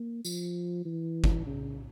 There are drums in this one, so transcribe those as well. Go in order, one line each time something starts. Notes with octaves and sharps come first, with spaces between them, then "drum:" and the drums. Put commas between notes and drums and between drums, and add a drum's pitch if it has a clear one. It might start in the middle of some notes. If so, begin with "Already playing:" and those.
Already playing: A#3
F3, drum: tambourine
E3
drum: kick G1
C#3